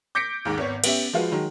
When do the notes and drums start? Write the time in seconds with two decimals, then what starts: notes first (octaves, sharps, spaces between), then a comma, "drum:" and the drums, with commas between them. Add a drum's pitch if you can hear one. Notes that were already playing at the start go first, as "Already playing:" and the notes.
0.15 D6 G6 A#6 B6 C#7 D7
0.45 D#2 G#2
0.58 G#1 B3 C#5
0.84 B3 C#4 G4 E5, drum: cymbal
1.13 F3 G#3 F4 F#4 B4
1.32 D#3 F#3 G#3